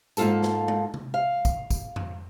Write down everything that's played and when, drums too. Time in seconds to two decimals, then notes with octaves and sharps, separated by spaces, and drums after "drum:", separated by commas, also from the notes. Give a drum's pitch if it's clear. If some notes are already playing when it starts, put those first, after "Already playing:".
0.17 G#2 A#3 F4 A4 A5, drum: tambourine
0.43 drum: snare
0.68 drum: tom G#3
0.94 drum: tom C3
1.14 F5
1.45 drum: kick, tambourine
1.70 drum: kick, tambourine
1.96 drum: tom F2